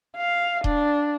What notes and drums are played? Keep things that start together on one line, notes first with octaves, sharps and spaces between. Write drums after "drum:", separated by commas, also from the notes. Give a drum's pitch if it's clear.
F5
D4, drum: kick D#1